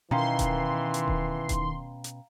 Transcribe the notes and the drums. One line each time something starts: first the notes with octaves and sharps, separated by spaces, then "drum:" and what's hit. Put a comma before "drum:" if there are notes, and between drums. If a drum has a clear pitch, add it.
B2 D#3 E3 C#4 F5 G5 A#5 C6
drum: kick D#1, hi-hat
drum: hi-hat
drum: kick D#1
drum: kick D#1, hi-hat
drum: hi-hat